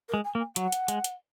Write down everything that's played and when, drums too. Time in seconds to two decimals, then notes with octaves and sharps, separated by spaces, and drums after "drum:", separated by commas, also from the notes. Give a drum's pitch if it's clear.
0.09 A#4
0.14 G#3
0.25 G#5
0.35 A#3
0.40 G#5
0.56 F#3 F#5, drum: hi-hat
0.72 drum: hi-hat
0.88 G#3, drum: hi-hat
1.04 drum: hi-hat